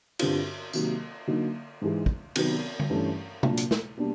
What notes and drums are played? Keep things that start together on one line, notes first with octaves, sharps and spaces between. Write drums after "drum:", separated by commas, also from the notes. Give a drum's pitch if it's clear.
G2 D3 G3 C4 F4, drum: cymbal
C3 D#3 F#3 A#3, drum: tambourine
D3 F#3 A#3 D#4
G#2 E3 G#3
drum: kick
C3 D#3 F#3 B3, drum: cymbal
drum: tom D3
G2 E3 A3 C#4
A#2 F#3 A#3 D4, drum: tom C3
drum: hi-hat
drum: snare
B2 G3 A#3 D4